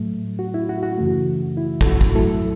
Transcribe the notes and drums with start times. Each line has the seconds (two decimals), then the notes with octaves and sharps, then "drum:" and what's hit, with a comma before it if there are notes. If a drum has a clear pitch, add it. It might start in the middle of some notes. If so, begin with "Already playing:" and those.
Already playing: A2 F#3 A3
0.39 F#4
0.54 E4
0.69 F#4
0.83 F#4
0.98 F#2 C#3 E3 A3
1.57 E4
1.81 A4, drum: kick
1.86 F#4
2.01 drum: kick
2.15 F#2 F#3 A3 E4 A4